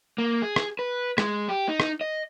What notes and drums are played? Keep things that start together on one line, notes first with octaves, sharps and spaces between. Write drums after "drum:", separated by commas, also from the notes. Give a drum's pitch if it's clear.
A#3
G#4
drum: rim click
B4
G#3, drum: rim click
G4
D#4
drum: rim click
D#5